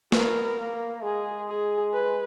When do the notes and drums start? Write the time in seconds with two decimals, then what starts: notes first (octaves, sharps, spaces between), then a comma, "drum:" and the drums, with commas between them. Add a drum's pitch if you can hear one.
0.12 B3 A#4, drum: snare
0.59 A#3
1.03 G#3 G#4
1.49 G#4
1.94 B4